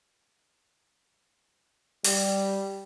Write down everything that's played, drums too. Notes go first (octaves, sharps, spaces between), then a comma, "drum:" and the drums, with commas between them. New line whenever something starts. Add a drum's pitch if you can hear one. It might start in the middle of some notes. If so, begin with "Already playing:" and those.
G3, drum: open hi-hat